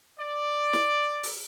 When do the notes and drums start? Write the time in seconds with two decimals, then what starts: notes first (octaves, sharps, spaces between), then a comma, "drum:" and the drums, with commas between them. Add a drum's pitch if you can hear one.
0.19 D5
0.73 drum: snare
1.23 drum: open hi-hat